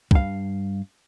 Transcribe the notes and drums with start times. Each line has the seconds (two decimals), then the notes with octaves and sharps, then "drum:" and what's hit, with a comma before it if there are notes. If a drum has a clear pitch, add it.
0.11 G2 F5, drum: kick